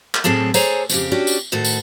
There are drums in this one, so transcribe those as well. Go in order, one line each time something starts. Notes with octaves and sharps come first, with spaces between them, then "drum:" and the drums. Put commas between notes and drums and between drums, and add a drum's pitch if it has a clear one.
drum: clap
A2 F#3 C4 G#4 A4 A5
G#4 A4 C5 C#5 G#5 A#5, drum: tambourine
F2 C#3 G4, drum: tambourine
C#4 D4 F#4 G4
drum: tambourine
D2 A2 D#3 F#4 A4
drum: tambourine